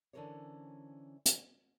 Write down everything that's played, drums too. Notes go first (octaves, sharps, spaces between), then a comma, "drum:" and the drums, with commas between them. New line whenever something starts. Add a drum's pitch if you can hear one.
D3 E3 C#4 A#4 C5 C#5
drum: hi-hat